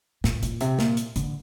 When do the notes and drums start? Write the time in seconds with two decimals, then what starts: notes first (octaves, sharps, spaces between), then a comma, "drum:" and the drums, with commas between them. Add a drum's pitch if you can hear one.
0.24 A#2, drum: snare
0.43 A#2, drum: hi-hat
0.61 C3, drum: hi-hat
0.79 A#2, drum: snare
0.97 drum: hi-hat
1.16 D3, drum: hi-hat